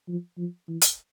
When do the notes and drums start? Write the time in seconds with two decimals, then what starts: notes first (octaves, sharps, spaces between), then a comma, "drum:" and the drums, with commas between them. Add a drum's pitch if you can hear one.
0.08 F3
0.38 F3
0.68 E3
0.81 drum: hi-hat